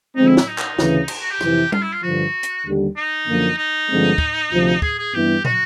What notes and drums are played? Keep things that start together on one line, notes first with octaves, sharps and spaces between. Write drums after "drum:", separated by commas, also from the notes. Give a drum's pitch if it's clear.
D3 F3 G#3 C4 D#4
E4
E4, drum: snare
D#4
drum: clap
D2 C#3 E3, drum: snare
drum: cymbal
F#4
G4
F2 C3 E3, drum: rim click
F4, drum: tom G3
E4
F4
G2 D3 F3 F#4
drum: hi-hat
D#2 D3 G3
D#4
F#2 D3 F3 A#3
D#4
G2 D3 F3 G#3 C4
drum: kick
D2 C3 F3
G#4, drum: kick
G#4
G2 E3 G3 B3 E4 G4
F#4, drum: tom